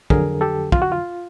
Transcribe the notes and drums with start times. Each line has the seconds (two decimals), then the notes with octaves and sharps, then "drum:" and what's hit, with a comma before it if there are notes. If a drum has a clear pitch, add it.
0.10 F2 D3 F#3 G#4 A#4, drum: kick
0.41 G4 A4
0.72 F4, drum: kick
0.82 F#4
0.92 F4